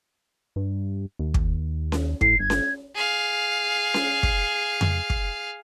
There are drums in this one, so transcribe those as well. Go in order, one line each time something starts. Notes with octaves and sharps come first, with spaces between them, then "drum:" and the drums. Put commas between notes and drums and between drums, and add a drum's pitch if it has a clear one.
G2
D#2
drum: kick
drum: snare C#4
A2 C7, drum: kick
G1 G#6
drum: snare C#4
G#4 F5
drum: snare C#4
drum: kick
drum: tom F2
drum: kick